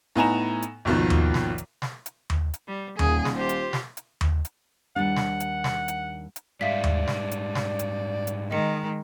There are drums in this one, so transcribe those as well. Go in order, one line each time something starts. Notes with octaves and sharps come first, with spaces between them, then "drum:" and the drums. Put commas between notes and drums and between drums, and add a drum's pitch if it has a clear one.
A2 B3 D#4 G#5 A#5 E7
drum: hi-hat
G#1 D#2 B2 D#3 F3
drum: tom D#2
drum: snare
drum: hi-hat
drum: snare
drum: hi-hat
drum: tom D#2
drum: hi-hat
G3
D#1 A#2 G#4, drum: tom D#2
drum: snare
F4 G4 C5
drum: hi-hat
drum: snare
drum: hi-hat
drum: tom D#2
drum: hi-hat
D#2 G3 D4 F#5
drum: snare
drum: hi-hat
drum: snare
drum: hi-hat
drum: hi-hat
G#2 G3 D5 E5 F5 B6
drum: tom D#2
drum: snare
drum: hi-hat
drum: snare
drum: hi-hat
drum: hi-hat
D#3 G#3 D#5 C#7